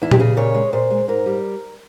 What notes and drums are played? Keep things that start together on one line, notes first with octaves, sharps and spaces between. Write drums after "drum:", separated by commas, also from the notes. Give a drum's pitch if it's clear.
E2 E4
G4, drum: tom A#2
C#3 G#4
A#2 C#5
G#3
A#2 C5
G#3
G#2 A#4
G3